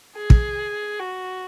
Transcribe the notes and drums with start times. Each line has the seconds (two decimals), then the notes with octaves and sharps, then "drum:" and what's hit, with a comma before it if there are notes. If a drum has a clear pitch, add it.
0.16 G#4
0.30 drum: kick
1.00 F#4